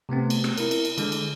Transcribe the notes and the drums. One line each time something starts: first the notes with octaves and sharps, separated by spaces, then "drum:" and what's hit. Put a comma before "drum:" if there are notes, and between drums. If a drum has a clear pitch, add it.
C3 A3 B3 C4
drum: cymbal
drum: rim click
E4 A#4, drum: cymbal
drum: cymbal
drum: cymbal
D3 G#3, drum: cymbal
drum: cymbal